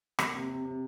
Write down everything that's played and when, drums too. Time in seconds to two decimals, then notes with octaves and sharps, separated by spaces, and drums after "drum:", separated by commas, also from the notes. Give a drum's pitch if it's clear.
0.19 A#3, drum: rim click
0.33 C3
0.49 C3
0.65 C3